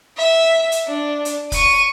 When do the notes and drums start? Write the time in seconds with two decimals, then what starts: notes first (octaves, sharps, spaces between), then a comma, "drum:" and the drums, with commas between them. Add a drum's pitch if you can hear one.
0.18 E5
0.72 drum: hi-hat
0.88 D4
1.25 drum: hi-hat
1.52 C#6 D#7, drum: kick, hi-hat